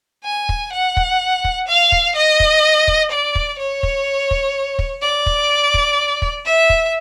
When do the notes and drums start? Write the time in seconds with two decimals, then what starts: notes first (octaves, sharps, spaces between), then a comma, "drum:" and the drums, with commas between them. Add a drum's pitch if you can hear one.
0.24 G#5
0.49 drum: kick
0.73 F#5
0.97 drum: kick
1.44 drum: kick
1.68 F5
1.92 drum: kick
2.16 D#5
2.40 drum: kick
2.88 drum: kick
3.12 D5
3.35 drum: kick
3.59 C#5
3.83 drum: kick
4.31 drum: kick
4.79 drum: kick
5.02 D5
5.26 drum: kick
5.74 drum: kick
6.22 drum: kick
6.46 E5
6.70 drum: kick